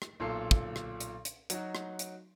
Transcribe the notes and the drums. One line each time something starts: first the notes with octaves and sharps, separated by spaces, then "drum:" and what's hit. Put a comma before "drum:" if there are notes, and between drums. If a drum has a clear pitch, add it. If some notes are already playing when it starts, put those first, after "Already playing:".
drum: rim click
B1 A#2 A4 C7
drum: kick
drum: rim click
drum: hi-hat
drum: hi-hat
F#3 D#4 F#4, drum: hi-hat
drum: rim click
drum: hi-hat